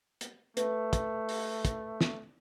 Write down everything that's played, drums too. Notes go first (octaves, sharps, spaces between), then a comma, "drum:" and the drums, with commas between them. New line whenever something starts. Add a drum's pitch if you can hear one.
drum: hi-hat
A3 B4, drum: hi-hat
drum: kick, hi-hat
drum: open hi-hat
drum: kick, hi-hat
drum: snare